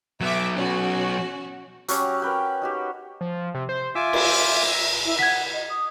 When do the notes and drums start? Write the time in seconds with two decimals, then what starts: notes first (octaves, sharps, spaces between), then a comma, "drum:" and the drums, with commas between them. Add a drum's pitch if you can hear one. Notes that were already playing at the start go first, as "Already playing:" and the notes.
0.21 F#3 B3 E5 D6
0.54 C#4 F#4
1.88 F#3 C#4 G4, drum: hi-hat
2.22 A#4 B4 G5
2.62 D#4 F#4 G4
3.21 F3
3.54 C3
3.69 C5
3.95 F4 E5 G#5 D6
4.13 drum: cymbal
5.05 E4
5.19 F#5 G#6 B6
5.53 D#5
5.69 D#6